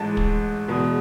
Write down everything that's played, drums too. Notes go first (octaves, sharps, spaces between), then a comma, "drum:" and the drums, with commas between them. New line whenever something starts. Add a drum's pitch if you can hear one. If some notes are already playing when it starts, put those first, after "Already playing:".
Already playing: A1 G#2 G#3 A5
drum: kick
E2 B2 G#3